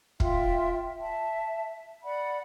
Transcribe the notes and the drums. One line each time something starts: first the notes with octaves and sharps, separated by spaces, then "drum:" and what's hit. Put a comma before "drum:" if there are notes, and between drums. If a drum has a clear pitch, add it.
F4 E5 G5, drum: kick
E5 A5
D5 F#5 B5